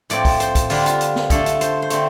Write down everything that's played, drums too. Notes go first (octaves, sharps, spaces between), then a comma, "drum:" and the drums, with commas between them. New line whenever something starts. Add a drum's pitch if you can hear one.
A2 F3 C4 D5, drum: hi-hat
drum: kick, open hi-hat
C5, drum: hi-hat
drum: kick, hi-hat
D3 G3 D4 F4, drum: open hi-hat
F4, drum: hi-hat
drum: hi-hat
drum: snare
D3 A3 D4 A4, drum: kick, hi-hat
drum: hi-hat
C5, drum: hi-hat
C5
D3 A3 C4, drum: hi-hat